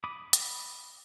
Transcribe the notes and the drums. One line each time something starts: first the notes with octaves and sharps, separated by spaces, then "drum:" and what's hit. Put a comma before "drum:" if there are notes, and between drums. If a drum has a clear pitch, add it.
B5 D6 D#6
drum: hi-hat